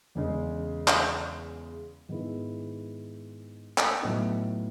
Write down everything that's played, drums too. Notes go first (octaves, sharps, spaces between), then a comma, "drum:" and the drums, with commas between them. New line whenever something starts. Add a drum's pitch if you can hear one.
E2 C#3 G#3
drum: clap
G#2 D#3 G#3 B3 E4
drum: clap
A2 F#3 B3 D#4